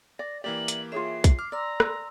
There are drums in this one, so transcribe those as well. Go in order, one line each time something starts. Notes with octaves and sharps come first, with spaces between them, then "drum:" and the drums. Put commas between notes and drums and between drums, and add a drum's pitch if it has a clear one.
D5 A#6
E3 A#3 G4 D5 E5 F#7
drum: hi-hat
F4 G#4 C#5 E5 C7
drum: kick, hi-hat
D6 F6
D5 A#5 C6 E6
drum: rim click